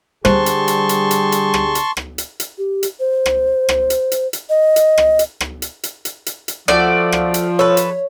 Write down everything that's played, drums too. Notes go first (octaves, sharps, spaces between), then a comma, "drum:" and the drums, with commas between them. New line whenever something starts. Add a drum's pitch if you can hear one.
D3 G3 G4 G#4 C5 A5 C6 C#6, drum: rim click
drum: hi-hat
drum: hi-hat
drum: hi-hat
drum: hi-hat
drum: hi-hat
drum: rim click
drum: hi-hat
drum: rim click
drum: hi-hat
drum: hi-hat
G4
drum: hi-hat
C5
drum: rim click
drum: rim click
drum: hi-hat
drum: hi-hat
drum: hi-hat
D#5
drum: hi-hat
drum: rim click
drum: hi-hat
drum: rim click
drum: hi-hat
drum: hi-hat
drum: hi-hat
drum: hi-hat
drum: hi-hat
F3 A3 F#4 A4 D5, drum: rim click
drum: rim click
drum: hi-hat
A4 B4 C#5
drum: hi-hat